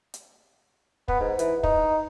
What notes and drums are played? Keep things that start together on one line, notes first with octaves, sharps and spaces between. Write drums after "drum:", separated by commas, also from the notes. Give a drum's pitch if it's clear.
drum: hi-hat
B3, drum: kick
G#2
E3, drum: hi-hat
D#4, drum: kick